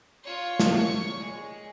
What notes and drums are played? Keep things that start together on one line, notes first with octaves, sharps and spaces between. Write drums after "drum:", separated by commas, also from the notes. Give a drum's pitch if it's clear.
F4 C#5
drum: snare
C#5 C#6
G#3